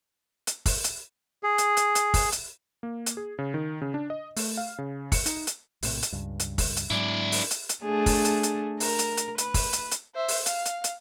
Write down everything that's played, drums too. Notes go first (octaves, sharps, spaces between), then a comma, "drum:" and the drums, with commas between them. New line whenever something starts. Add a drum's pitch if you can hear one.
drum: hi-hat
drum: kick, open hi-hat
drum: hi-hat
G#4
drum: hi-hat
drum: hi-hat
drum: hi-hat
drum: kick, open hi-hat
drum: hi-hat
A#3
drum: hi-hat
G#4
C#3
D#3
C#3
D4
D#5
A3, drum: open hi-hat
F5
C#3
C#7, drum: kick, open hi-hat
D#4, drum: hi-hat
drum: hi-hat
A#1 A2 C3, drum: open hi-hat
drum: hi-hat
C#2 G2
drum: hi-hat
drum: kick, open hi-hat
drum: hi-hat
G#2 F#3 G#3 D4 E4
drum: open hi-hat
drum: hi-hat
drum: hi-hat
A3 D4 G#4
drum: kick, open hi-hat
drum: hi-hat
drum: hi-hat
A#4, drum: open hi-hat
drum: hi-hat
drum: hi-hat
B4, drum: hi-hat
drum: kick, open hi-hat
drum: hi-hat
drum: hi-hat
C5 E5
drum: open hi-hat
F5, drum: hi-hat
drum: hi-hat
drum: hi-hat